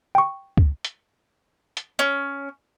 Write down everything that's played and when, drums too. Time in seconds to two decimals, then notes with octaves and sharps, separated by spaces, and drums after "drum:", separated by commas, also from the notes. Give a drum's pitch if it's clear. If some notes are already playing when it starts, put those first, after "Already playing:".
0.15 G5 C#6
0.57 drum: kick C#2
0.85 drum: hi-hat
1.77 drum: hi-hat
1.99 C#4